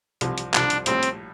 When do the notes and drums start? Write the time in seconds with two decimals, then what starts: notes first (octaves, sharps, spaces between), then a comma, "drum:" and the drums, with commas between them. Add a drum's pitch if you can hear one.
0.21 C2 C3 F3, drum: hi-hat
0.38 drum: hi-hat
0.54 C2 C3 F3 D4, drum: clap
0.70 drum: hi-hat
0.86 A#1 A2 G3 C4, drum: hi-hat
1.03 drum: hi-hat